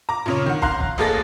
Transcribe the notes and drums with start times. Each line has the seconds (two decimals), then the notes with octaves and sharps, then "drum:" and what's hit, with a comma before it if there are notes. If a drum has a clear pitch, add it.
0.09 A#5 D6
0.26 A#2 C#3 C#5
0.46 D#3 F#5
0.62 F5 A#5 C6 F#6, drum: kick
0.80 drum: kick
0.98 A1 A#3 G#4 A4 A6 A#6